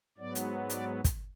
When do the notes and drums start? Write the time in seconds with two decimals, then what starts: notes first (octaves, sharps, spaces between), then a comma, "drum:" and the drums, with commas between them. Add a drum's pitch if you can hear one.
0.18 G#2 F#3 B3 D5
0.35 drum: hi-hat
0.70 D5, drum: hi-hat
1.05 drum: kick, hi-hat